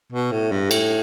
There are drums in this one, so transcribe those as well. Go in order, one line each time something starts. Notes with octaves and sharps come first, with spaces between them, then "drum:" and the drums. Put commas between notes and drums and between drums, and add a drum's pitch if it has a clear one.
B2
A2
G2
A2, drum: cymbal